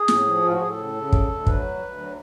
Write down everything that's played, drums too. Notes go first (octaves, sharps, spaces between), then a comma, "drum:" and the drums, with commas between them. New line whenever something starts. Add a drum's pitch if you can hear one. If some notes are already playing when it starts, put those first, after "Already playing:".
Already playing: G#4
A2, drum: snare
F3
A2 F4
F#4
A2 G#4
A4
C#3
C#3
D2, drum: kick
D2
F#3 B4, drum: kick
D2
D2
F#3